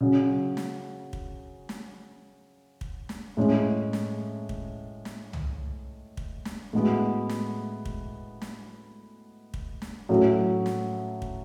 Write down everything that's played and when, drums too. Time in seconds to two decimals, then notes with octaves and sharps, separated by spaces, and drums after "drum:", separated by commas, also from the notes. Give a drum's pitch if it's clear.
0.01 C#3 F#3 C#4
0.57 drum: snare
1.13 drum: kick
1.69 drum: snare
2.81 drum: kick
3.09 drum: snare
3.37 A2 G#3 C#4
3.93 drum: snare
4.49 drum: kick
5.05 drum: snare
5.33 drum: tom C2
6.17 drum: kick
6.45 drum: snare
6.73 A2 G#3 B3 F#4
7.29 drum: snare
7.85 drum: kick
8.42 drum: snare
9.54 drum: kick
9.82 drum: snare
10.09 A2 F#3 C#4 F#4 A4
10.66 drum: snare
11.22 drum: kick